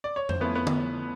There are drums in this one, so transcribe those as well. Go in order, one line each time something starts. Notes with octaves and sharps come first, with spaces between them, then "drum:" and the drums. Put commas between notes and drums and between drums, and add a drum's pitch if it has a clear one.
D5
C#5
C5, drum: tom F2
F3 A3 B3 C#4 E4 B4
B3 B4
drum: tom